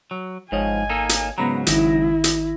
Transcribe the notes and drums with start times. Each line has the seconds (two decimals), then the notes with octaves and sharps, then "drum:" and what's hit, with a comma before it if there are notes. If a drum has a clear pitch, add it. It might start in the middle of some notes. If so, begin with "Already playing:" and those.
0.11 F#3
0.52 G#1 G#2 F3 C#5 D#5 G#5
0.90 A#3 D#4 A4
1.09 drum: hi-hat
1.38 G#2 C#3 F#3 B3 A#5 B5 A#6
1.67 G#1 D#3 E4 A#6, drum: hi-hat
2.24 drum: hi-hat